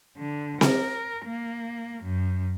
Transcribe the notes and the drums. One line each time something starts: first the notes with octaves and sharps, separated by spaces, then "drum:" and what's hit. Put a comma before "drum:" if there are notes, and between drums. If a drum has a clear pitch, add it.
D3
A#4, drum: snare C4
A#3
F#2